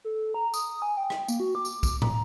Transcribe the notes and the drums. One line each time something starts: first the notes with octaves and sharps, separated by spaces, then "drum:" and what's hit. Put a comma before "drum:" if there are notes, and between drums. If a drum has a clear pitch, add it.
A4
A#5
D#6, drum: tambourine
G#5
G5
drum: rim click
A#3, drum: tambourine
F#4
D6
drum: tambourine
drum: kick, tambourine
A#5, drum: tom